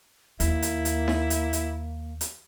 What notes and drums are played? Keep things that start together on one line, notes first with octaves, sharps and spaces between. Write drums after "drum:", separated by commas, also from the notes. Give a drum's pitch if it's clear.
D#2 A#3 E4, drum: hi-hat
drum: hi-hat
drum: hi-hat
drum: snare D#4
drum: hi-hat
drum: hi-hat
drum: hi-hat